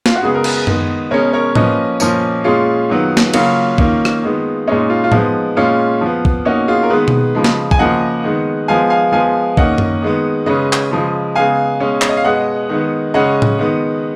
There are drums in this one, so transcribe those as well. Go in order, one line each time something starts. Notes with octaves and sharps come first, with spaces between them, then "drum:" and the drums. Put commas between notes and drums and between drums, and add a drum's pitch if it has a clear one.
F4, drum: snare
F#4
C#3 G#3 B3 G#4
A#4
G#4 B4, drum: cymbal
D#3 G#3 B3, drum: tom F#2
B2 G#3 C#4 A#4 C#5
A#4 C#5
F3 A#3 C#4 B4 D#5, drum: tom A2
A#2 F3 A#3 C#4, drum: tambourine
A#2 G#3 C#4 F4 G#4
D#3 F#3 B3
drum: snare
C#3 F#3 A#3 C#4 F4, drum: cymbal
D#3 A#3 C#4, drum: kick
drum: rim click
D#3 G#3 B3
A#2 G#3 C#4 D#4
F4
F4
F3 G#3 B3 D#4, drum: tom A2
A#2 G#3 C#4 F4
F3 B3
drum: kick
B2 A#3 C#4 D#4 F#4
F4 G#4
A#4
D#3 G#3 B3 G#4 B4
drum: tom B2
C#3 F3 G#3
drum: snare
G#5, drum: kick
C#3 F3 A#3 D#5 F#5
D#3 G#3 B3
F3 G#3 B3 F5 G#5
F5 G#5
F3 G#3 B3 F5 G#5
D#3 A#3 C#4 D#5 F#5, drum: kick
drum: tom F#2
D#3 G#3 B3
C#3 G#3 C#4 B4 D#5
drum: clap
C#3 F3 G#3
C#3 G#3 B3 F5 G#5
B2 G#3 C#4
C#5, drum: clap
D#5
F5
B2 G#3 B3 D#5 F#5
D#3 G#3 B3
C#3 G#3 C#4 D#5 F#5
drum: tom A2
D#3 G#3 B3